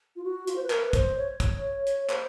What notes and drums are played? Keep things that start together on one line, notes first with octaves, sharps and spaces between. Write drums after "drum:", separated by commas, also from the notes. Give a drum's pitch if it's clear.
F4
F#4
F4, drum: hi-hat
C5
B4
A#4, drum: clap
B4
C5, drum: kick, hi-hat
C#5
drum: kick, hi-hat
drum: hi-hat
C5, drum: clap